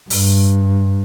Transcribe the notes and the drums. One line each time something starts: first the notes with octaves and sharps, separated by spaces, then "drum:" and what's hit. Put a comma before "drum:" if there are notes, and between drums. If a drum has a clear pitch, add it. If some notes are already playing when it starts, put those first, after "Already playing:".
G2, drum: open hi-hat